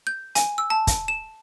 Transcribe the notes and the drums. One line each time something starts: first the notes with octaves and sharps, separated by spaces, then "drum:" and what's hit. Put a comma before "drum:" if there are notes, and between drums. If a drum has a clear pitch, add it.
G6
G#5, drum: hi-hat
E6
A5
drum: kick, hi-hat
E7